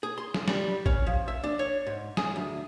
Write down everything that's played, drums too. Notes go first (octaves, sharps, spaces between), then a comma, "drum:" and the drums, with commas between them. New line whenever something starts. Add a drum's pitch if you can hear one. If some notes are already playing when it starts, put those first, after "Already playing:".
G#4
C6
drum: snare
G3, drum: snare
C#4, drum: kick A1
F3
E5
D4
C#5
G#2
G#4, drum: snare
D2